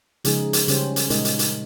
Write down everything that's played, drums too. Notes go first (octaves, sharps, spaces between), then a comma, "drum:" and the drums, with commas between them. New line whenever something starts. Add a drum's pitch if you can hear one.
C#3 F3 G#3 D#4 G#4, drum: hi-hat
drum: hi-hat
C#3 G3 C#4 G4 C5, drum: hi-hat
drum: hi-hat
A#2 G#3 D#4 A#4 D#5, drum: hi-hat
drum: hi-hat
drum: hi-hat